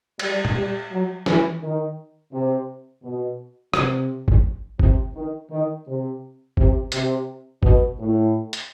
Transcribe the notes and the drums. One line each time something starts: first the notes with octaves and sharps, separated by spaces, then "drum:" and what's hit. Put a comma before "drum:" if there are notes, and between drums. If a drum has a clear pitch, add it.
G3, drum: cymbal
drum: tom A#2
G3
F#3
E3, drum: snare
D#3
C3
B2
C3, drum: rim click
drum: kick
C3, drum: kick
D#3
D#3
C3
C3, drum: kick
C3, drum: hi-hat
B2, drum: kick
A2
drum: hi-hat